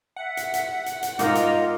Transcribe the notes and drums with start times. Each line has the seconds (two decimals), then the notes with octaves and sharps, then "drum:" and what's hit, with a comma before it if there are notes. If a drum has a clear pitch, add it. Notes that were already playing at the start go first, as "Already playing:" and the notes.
0.16 E5 F#5
0.37 drum: hi-hat
0.54 drum: hi-hat
0.86 drum: hi-hat
1.03 drum: hi-hat
1.19 G#2 F4 A#4 D#5 D6, drum: hi-hat
1.35 drum: hi-hat